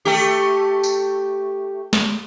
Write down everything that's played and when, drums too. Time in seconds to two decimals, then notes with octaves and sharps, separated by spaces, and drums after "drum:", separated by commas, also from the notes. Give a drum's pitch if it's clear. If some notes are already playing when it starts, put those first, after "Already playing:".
0.05 A3 G4
0.84 drum: tambourine
1.93 drum: snare